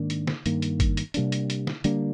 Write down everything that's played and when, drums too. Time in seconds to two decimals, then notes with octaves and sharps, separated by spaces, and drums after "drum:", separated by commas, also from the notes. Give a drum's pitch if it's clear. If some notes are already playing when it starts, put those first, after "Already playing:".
Already playing: G#2 D#3 A#3 D4
0.10 drum: hi-hat
0.27 drum: snare
0.46 G2 D#3 A#3, drum: hi-hat
0.62 drum: hi-hat
0.80 drum: kick, hi-hat
0.97 drum: hi-hat
1.14 C3 G3 A#3 D4, drum: hi-hat
1.32 drum: hi-hat
1.50 drum: hi-hat
1.67 drum: snare
1.84 D3 G3 A#3 D4, drum: hi-hat